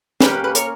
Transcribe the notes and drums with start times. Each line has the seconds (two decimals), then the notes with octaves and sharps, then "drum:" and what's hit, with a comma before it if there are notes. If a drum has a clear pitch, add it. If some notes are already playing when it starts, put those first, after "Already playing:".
0.21 A#3 C#4 G4 B4, drum: snare
0.33 B4
0.44 B4
0.55 A#4 C#5, drum: hi-hat